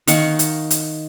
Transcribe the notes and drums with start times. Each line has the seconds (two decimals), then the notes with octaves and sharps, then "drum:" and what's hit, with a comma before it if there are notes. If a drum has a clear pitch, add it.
0.08 D#3 F5 F#5 C#6, drum: hi-hat
0.39 drum: hi-hat
0.71 drum: hi-hat